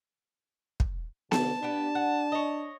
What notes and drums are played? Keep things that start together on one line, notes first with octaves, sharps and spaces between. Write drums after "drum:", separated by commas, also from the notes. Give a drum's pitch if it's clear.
drum: kick
B1 B2 D3 A5, drum: snare B3
B3 D4 G4 B4
F#5
C#5 D#5